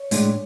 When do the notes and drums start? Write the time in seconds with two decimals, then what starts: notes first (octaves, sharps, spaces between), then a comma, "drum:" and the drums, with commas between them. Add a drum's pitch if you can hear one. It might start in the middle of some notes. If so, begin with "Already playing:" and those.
Already playing: C#5
0.11 A2 G#3 D4, drum: hi-hat